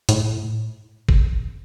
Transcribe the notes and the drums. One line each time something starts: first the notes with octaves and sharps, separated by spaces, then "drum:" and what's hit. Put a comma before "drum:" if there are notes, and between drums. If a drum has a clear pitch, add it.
A2, drum: hi-hat
drum: kick